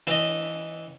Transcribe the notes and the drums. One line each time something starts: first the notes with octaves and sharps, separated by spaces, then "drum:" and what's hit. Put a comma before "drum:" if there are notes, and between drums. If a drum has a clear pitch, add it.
E3 D#5, drum: hi-hat